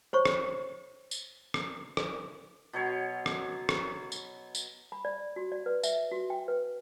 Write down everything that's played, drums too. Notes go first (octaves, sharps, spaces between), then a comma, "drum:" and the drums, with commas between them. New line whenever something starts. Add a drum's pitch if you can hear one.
C5 C#5 C#6
drum: rim click
drum: tambourine
drum: rim click
drum: rim click
B2 F#3 C#5 C6
drum: rim click
drum: rim click
drum: tambourine
drum: tambourine
B5
D5
F#4
D5
B4
E5, drum: tambourine
F#4
G5
B4